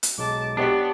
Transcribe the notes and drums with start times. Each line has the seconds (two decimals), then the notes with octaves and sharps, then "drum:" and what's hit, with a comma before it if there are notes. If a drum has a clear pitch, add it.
0.03 drum: hi-hat
0.18 B1 F#3 G#3 A5 D6
0.57 B3 D4 G4 C#5 B6